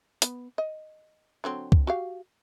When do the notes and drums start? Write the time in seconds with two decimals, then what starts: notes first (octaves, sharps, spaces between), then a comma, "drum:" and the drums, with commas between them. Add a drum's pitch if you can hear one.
0.22 B3, drum: hi-hat
0.58 D#5
1.44 D3 F#3 C4
1.72 drum: kick
1.87 F#4 G4 F5